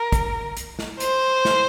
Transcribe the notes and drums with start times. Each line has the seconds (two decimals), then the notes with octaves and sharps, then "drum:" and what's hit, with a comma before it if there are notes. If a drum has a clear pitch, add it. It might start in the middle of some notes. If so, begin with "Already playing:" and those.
Already playing: A#4
0.12 drum: kick, hi-hat
0.57 drum: hi-hat
0.79 drum: snare
1.00 C5, drum: hi-hat
1.45 drum: snare